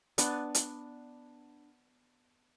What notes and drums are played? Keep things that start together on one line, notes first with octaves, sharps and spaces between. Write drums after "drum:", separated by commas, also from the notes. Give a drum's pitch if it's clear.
B3 D4, drum: hi-hat
drum: hi-hat